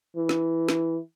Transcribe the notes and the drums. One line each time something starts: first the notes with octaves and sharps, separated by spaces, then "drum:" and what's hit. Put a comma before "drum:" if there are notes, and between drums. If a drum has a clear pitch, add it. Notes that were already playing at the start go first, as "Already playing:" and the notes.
E3
drum: snare
drum: snare